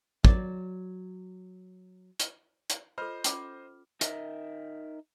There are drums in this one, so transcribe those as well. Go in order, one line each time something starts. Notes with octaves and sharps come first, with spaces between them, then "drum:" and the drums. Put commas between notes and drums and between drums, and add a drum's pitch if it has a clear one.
F#3 D5, drum: kick
drum: hi-hat
drum: hi-hat
F4 A4 C5 D#5 F6
C#4 F4 D6, drum: hi-hat
D#4 A#4 D#5 E5, drum: hi-hat